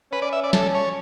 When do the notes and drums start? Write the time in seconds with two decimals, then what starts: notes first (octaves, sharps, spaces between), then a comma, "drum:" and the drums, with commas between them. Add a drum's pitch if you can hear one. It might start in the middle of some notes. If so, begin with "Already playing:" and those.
0.12 C#4 B4
0.22 D5
0.33 E5
0.44 D5
0.53 A4, drum: snare
0.75 C#5